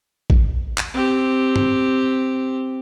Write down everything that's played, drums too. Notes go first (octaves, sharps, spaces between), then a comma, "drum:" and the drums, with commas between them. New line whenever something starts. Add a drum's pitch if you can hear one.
drum: kick
drum: clap
C4 G4
drum: tom G2